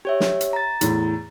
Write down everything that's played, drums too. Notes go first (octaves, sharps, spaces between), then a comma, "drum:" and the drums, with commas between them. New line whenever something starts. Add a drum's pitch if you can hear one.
G4 C#5 E5
drum: snare
drum: hi-hat
A#5 A6
E2 A2, drum: hi-hat